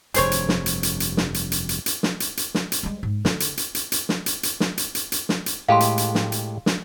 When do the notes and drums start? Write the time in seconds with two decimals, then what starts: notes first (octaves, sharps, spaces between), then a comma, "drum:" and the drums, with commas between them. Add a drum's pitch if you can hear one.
0.14 F1 G2 G#4 C5 C#5, drum: hi-hat
0.32 drum: hi-hat
0.49 drum: snare
0.66 drum: hi-hat
0.83 drum: hi-hat
1.00 drum: hi-hat
1.17 drum: snare
1.34 drum: hi-hat
1.52 drum: hi-hat
1.69 drum: hi-hat
1.86 drum: hi-hat
2.03 drum: snare
2.20 drum: hi-hat
2.37 drum: hi-hat
2.55 drum: snare
2.72 drum: hi-hat
2.83 G3 G#3
3.03 G#2
3.25 D3, drum: snare
3.40 drum: hi-hat
3.57 drum: hi-hat
3.75 drum: hi-hat
3.92 drum: hi-hat
4.09 drum: snare
4.26 drum: hi-hat
4.43 drum: hi-hat
4.60 drum: snare
4.78 drum: hi-hat
4.95 drum: hi-hat
5.12 drum: hi-hat
5.29 drum: snare
5.46 drum: hi-hat
5.68 A2 G#3 G4 F5 C6
5.80 drum: hi-hat
5.98 drum: hi-hat
6.15 drum: snare
6.32 drum: hi-hat
6.66 drum: snare